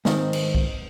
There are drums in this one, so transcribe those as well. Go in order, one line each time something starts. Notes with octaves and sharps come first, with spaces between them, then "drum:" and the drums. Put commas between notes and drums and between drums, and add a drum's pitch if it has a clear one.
G#2 D#3 C4, drum: snare
drum: cymbal
drum: kick